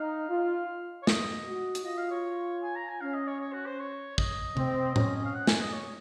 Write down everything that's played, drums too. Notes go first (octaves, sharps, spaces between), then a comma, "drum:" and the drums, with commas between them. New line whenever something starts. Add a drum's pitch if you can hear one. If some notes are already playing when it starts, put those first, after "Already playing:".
Already playing: D#4 F5
F4
C#5
D#5, drum: snare
F#4
drum: hi-hat
F4 D#5
F5
C#5
G#5
A#5
G#5
C#4 F5
D#5
C#5
C#5
F#4
C5
C#5
D#5, drum: kick
C4, drum: tom C3
C#4, drum: tom A2
D#5
F5
F#5
G#5, drum: snare
D#5
C#5